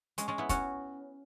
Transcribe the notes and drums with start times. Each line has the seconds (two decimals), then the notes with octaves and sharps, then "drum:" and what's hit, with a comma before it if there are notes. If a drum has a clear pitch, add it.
0.18 G#3 C#4, drum: hi-hat
0.28 G#3 C#4
0.38 B3 E4
0.49 C#4 F#4, drum: kick, hi-hat